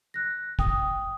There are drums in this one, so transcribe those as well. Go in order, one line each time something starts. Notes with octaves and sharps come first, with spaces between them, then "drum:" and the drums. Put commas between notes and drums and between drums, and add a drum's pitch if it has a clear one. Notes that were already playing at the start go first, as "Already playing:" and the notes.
F#6 A#6
G5 D#6, drum: kick